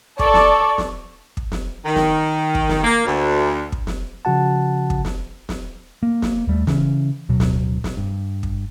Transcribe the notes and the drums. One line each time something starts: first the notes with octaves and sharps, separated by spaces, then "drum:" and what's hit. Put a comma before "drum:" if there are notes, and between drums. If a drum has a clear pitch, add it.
A4 D5 C#6, drum: kick
drum: snare
drum: snare
drum: kick
drum: snare
D#3
drum: snare
drum: kick
drum: snare
A#3
D2
drum: kick
drum: snare
C#3 F3 F#4 F#5 A5
drum: kick
drum: snare
drum: snare
A#3
drum: snare
D#2 G3 A3
C#3 E3 C#4, drum: snare
D1 B2 F#3
drum: snare
drum: snare
G2
drum: kick